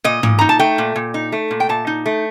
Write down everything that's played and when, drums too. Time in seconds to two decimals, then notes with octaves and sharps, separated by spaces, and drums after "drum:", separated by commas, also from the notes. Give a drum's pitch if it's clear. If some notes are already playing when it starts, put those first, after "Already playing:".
0.04 A#2 D#5
0.23 A#2, drum: tom G#2
0.39 D#4 A#5
0.49 A5
0.59 A3 G5
0.78 A#2
0.96 A#2
1.14 D#4
1.32 A3
1.51 A#2
1.60 G5
1.69 A#2 A5
1.87 D#4
2.06 A3